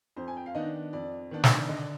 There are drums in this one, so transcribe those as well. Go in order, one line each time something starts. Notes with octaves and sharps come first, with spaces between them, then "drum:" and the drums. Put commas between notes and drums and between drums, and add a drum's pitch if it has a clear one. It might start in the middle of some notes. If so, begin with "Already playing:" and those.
F2 C5
G#5
G5
F5
D#3 B3 D4 D#4 D#5
F2 D5
D#3 B3 D4
drum: snare
D3 D#5
D5